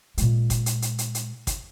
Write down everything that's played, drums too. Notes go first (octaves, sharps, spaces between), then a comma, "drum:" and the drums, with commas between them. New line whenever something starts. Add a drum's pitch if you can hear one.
A#2 G#3, drum: hi-hat
drum: kick, hi-hat
drum: hi-hat
drum: hi-hat
drum: hi-hat
drum: hi-hat
drum: kick, hi-hat